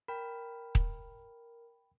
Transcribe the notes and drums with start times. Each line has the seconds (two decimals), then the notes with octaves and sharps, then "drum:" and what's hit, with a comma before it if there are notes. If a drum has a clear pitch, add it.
0.08 A#4 G5 B5
0.75 drum: kick D#1